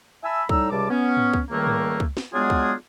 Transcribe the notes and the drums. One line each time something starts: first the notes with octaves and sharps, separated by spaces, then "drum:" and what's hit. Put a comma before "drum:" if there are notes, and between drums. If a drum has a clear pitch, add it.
E5 G#5 A5 B5 E6
A2 G3 D#4 A#5 E6, drum: kick
C#2 C3 G3 A5 D6
B3 C#4
drum: tom G#2
drum: kick
C#2 D#3 G3 A3 A#3
drum: tom G#2
drum: kick
drum: snare
F#3 G#3 B3 D4 F4 G#4
drum: kick